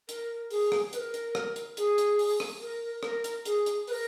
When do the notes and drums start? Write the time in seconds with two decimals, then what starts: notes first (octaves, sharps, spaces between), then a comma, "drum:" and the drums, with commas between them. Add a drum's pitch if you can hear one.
0.09 A#4, drum: hi-hat
0.51 G#4, drum: open hi-hat
0.72 drum: rim click
0.93 B4, drum: hi-hat
0.97 A#4
1.14 drum: hi-hat
1.35 drum: rim click
1.56 drum: hi-hat
1.77 G#4, drum: hi-hat
1.98 drum: hi-hat
2.19 drum: open hi-hat
2.40 drum: rim click
2.61 A#4
3.03 A#4, drum: rim click
3.24 drum: hi-hat
3.45 G#4, drum: hi-hat
3.66 drum: hi-hat
3.87 B4, drum: open hi-hat
3.91 A#4